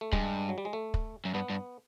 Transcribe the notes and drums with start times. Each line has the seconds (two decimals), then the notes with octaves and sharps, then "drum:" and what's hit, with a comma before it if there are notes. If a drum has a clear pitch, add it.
0.01 A3
0.13 G2 G#3, drum: kick
0.49 F#3
0.58 G3
0.65 G#3
0.73 A3
0.94 drum: kick
1.25 F#2
1.34 G2 B3
1.50 G2